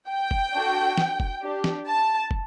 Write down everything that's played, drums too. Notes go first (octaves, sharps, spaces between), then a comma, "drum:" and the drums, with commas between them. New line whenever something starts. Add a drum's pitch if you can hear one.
G5
drum: kick
D4 F#4 A4
drum: snare
drum: kick
D4 G4
drum: snare
A5
drum: kick